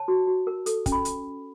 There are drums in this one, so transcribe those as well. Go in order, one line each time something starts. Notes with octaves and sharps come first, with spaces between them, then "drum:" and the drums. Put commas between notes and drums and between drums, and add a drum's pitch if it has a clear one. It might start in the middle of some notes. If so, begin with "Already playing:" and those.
Already playing: C#5 A5
F#4
F#4
A#4
A4, drum: hi-hat
C#4, drum: kick, hi-hat
B5
drum: hi-hat